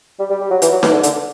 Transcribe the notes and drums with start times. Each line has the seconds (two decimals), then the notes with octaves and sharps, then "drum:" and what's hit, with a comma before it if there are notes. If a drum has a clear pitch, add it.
0.19 G3
0.30 G3
0.41 G3
0.51 F#3
0.62 E3, drum: hi-hat
0.72 F#3
0.83 E3, drum: snare D#4
0.93 D3
1.03 D3, drum: hi-hat